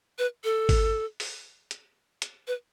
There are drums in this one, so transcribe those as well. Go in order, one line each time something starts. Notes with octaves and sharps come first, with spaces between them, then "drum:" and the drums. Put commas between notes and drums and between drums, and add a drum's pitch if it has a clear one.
B4
A4
drum: kick G#1, open hi-hat
drum: open hi-hat
drum: hi-hat
drum: hi-hat
B4